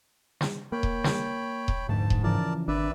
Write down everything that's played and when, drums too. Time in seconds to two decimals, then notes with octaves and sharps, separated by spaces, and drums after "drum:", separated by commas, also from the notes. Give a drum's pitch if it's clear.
0.41 drum: snare
0.72 A#3 C#5 G5 B5
0.83 drum: kick D#1
1.04 drum: snare
1.68 drum: kick D#1
1.89 F1 D2 G#2 A5
2.10 drum: kick D#1
2.23 C#3 E3 F3 A#4 D5 A5
2.68 G#1 D4 B4 D5 E5